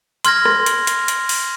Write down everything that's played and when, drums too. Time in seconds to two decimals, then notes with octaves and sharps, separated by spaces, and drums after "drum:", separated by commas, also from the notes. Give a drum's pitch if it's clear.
0.25 C6 F6 G#6 A#6, drum: hi-hat
0.45 drum: rim click
0.66 drum: hi-hat
0.87 drum: hi-hat
1.08 drum: hi-hat
1.29 drum: open hi-hat